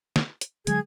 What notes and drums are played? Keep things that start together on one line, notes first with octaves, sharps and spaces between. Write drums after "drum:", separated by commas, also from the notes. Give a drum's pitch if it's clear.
drum: snare
drum: hi-hat
D3 F#3 G#3 G#4 G#6, drum: hi-hat